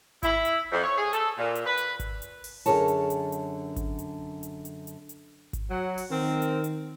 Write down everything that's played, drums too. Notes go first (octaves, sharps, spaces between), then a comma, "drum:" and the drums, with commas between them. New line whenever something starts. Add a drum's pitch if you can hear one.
E4, drum: kick G#1, hi-hat
drum: hi-hat
F2
C#5
G#4
A4, drum: hi-hat
A#2
drum: hi-hat
B4
drum: hi-hat
drum: kick G#1, hi-hat
drum: hi-hat
drum: open hi-hat
F#2 D3 G#4 A#4 C#5 A5, drum: hi-hat
drum: hi-hat
drum: hi-hat
drum: hi-hat
drum: kick G#1, hi-hat
drum: hi-hat
drum: hi-hat
drum: hi-hat
drum: hi-hat
drum: hi-hat
drum: kick G#1, hi-hat
F#3 F#5
drum: open hi-hat
D#3 C4 A#4
drum: hi-hat
drum: hi-hat